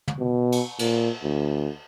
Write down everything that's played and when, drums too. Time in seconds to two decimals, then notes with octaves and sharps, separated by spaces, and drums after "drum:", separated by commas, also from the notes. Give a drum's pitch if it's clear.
0.08 drum: tom
0.19 B2
0.52 drum: cymbal
0.79 A#2, drum: cymbal
1.23 D2